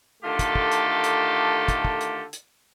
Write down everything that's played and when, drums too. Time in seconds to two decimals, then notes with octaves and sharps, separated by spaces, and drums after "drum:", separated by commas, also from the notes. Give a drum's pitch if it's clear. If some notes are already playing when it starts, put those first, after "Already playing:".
0.23 D3 D#3 A3 F4 G4 A4
0.39 drum: kick, hi-hat
0.55 drum: kick
0.72 drum: hi-hat
1.04 drum: hi-hat
1.68 drum: kick, hi-hat
1.85 drum: kick
2.01 drum: hi-hat
2.33 drum: hi-hat